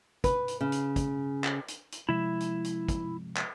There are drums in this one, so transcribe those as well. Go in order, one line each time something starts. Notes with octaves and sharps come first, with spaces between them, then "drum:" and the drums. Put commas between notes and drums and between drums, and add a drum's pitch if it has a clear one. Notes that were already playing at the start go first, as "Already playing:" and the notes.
B4, drum: kick, hi-hat
drum: hi-hat
C#3
drum: hi-hat
drum: kick, hi-hat
drum: clap
drum: hi-hat
drum: hi-hat
C3 F3 G#3 E4 E5
drum: hi-hat
drum: hi-hat
drum: kick, hi-hat
drum: clap